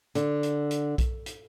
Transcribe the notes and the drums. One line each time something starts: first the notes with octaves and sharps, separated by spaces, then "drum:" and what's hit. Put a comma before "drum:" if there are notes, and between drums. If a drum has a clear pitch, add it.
D3, drum: hi-hat
drum: hi-hat
drum: hi-hat
drum: kick B1, hi-hat
drum: hi-hat